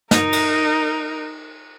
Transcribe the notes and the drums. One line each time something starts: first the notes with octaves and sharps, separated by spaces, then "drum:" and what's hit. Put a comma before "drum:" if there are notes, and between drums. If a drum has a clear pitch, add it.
D#4 A#4, drum: snare
drum: cymbal